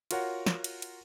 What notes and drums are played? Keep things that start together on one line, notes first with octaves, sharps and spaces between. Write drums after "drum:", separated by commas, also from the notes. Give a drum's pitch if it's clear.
F4 F#4 A#4 C#5 F#5, drum: cymbal
drum: snare
drum: cymbal
drum: cymbal